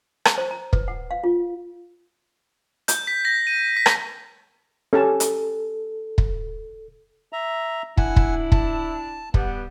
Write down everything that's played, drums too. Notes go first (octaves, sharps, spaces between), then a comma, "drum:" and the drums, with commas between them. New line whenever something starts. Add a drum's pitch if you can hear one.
drum: rim click
C5
A#5
B4, drum: kick
F#5
F5
F4
G6, drum: hi-hat
B6
A#6
D#7
B6
drum: rim click
C#4 G4 A4 A5
drum: hi-hat
drum: kick
E5 A#5
D4 E4 F#5 G#5, drum: kick
drum: kick
A5, drum: kick
G3 B3, drum: kick